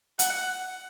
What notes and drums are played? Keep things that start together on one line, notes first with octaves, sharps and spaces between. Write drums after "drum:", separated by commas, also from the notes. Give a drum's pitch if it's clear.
F#5, drum: hi-hat